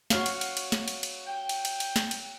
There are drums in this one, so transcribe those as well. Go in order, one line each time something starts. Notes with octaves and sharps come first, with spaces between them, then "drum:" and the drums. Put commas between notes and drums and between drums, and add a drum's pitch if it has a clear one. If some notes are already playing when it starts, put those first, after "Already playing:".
F#4 C#5 F5, drum: snare
drum: cymbal
drum: cymbal
drum: cymbal
drum: snare
drum: cymbal
drum: cymbal
G5
drum: cymbal
drum: cymbal
drum: cymbal
drum: snare
drum: cymbal